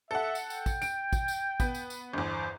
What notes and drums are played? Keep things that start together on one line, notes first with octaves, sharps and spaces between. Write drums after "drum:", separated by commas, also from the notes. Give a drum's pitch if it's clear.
A4 E5 F#5
drum: tambourine
G5, drum: tambourine
drum: kick, tambourine
D7, drum: tambourine
drum: kick, tambourine
drum: tambourine
B3, drum: kick, tambourine
drum: tambourine
drum: tambourine
G1 E2 C5